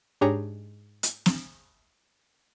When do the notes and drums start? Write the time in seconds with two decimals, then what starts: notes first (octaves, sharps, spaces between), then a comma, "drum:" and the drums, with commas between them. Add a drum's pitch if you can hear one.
0.21 G#2 D4 G4 G#4 C#5 A#5
1.03 drum: hi-hat
1.26 drum: snare